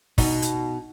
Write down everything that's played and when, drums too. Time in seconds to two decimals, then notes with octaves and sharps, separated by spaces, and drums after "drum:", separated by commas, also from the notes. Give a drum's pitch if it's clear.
0.18 B2 D#4, drum: kick, open hi-hat
0.42 drum: hi-hat